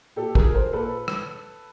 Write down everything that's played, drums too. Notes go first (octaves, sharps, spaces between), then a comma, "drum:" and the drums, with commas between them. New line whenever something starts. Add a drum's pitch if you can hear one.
A#2 G4 A4
G#4 A#4, drum: kick
F3
A#4 C5
A#2 A4 B4
drum: rim click